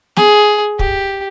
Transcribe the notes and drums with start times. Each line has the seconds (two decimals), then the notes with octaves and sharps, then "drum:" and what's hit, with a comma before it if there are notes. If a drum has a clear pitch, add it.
0.16 G#4, drum: snare
0.79 G4, drum: kick